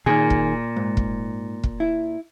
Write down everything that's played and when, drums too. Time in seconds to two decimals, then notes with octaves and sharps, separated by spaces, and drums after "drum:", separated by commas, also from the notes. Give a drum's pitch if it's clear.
0.06 A#2 D#3 G#4
0.30 drum: kick
0.76 G#2
0.97 drum: kick
1.64 drum: kick
1.80 E4